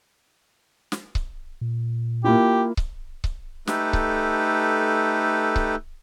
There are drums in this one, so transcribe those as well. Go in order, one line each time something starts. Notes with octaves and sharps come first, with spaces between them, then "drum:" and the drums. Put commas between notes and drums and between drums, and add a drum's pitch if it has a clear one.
drum: snare
drum: kick C#1
A#2
A#3 E4 F4 G4
drum: kick C#1
drum: kick C#1
A3 D#4 G4 A4 B4, drum: snare
drum: kick C#1
drum: kick C#1